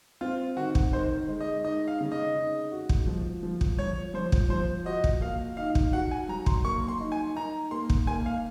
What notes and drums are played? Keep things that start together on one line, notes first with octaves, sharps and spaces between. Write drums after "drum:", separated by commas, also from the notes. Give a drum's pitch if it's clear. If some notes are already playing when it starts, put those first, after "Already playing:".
C4 F4
D#3 F#4
drum: kick
D#3 C5
G#3
D#5
D#4 D#5
F5
C#3
D#5
D#4
F#4
drum: kick
F3
F3
drum: kick
F3 C#5
F3 C5
drum: kick
F3 C5
F#4 D#5
drum: kick
A#3 F5
D#4 F5
drum: kick
F#4 F#5
G#5
F#3 A#5
C6, drum: kick
A#3 C#6
C6
D#4
G#5
D#4 A#5
A#3 C6
drum: kick
A#3 G#5
F5